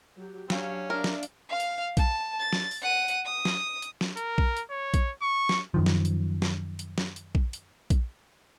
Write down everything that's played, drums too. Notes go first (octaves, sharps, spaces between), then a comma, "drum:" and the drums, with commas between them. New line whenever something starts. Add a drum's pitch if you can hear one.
F#3 G4
F#3 C#4 D4 G4 F5, drum: snare
D4 A#4 D5 E5 F5
drum: snare
drum: hi-hat
F5 F6
drum: hi-hat
A5, drum: kick A#1, hi-hat
A6
drum: snare
drum: open hi-hat
F#5 D#7
drum: hi-hat
D#6
drum: snare
drum: hi-hat
drum: snare
A#4, drum: hi-hat
drum: kick A#1
drum: hi-hat
C#5
drum: kick A#1, hi-hat
C#6
drum: snare
F#2 D#3 F3
drum: snare
drum: hi-hat
drum: snare
drum: hi-hat
drum: snare
drum: hi-hat
drum: kick A#1
drum: hi-hat
drum: kick A#1, hi-hat